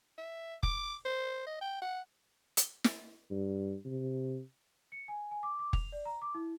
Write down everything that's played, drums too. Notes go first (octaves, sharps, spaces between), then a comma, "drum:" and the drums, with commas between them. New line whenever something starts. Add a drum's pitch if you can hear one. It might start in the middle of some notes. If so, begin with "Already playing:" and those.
E5
D6, drum: kick F1
C5
D#5
G5
F#5
drum: hi-hat
drum: snare
G2
C3
C#7
G#5
G#5
D6
D6
F7, drum: kick F1
D5
A#5
D6
E4